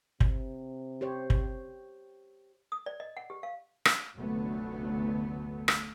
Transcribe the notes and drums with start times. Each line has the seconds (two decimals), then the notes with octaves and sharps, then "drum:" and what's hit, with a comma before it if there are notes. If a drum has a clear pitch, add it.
0.20 C3, drum: kick
1.01 G4 C5 C#5
1.30 drum: kick
2.72 D#6
2.86 D5
3.00 D#5
3.17 F#5
3.30 G4
3.43 F5
3.85 drum: rim click
4.16 F1 D2 D3 F#3 A3 B3
5.68 drum: rim click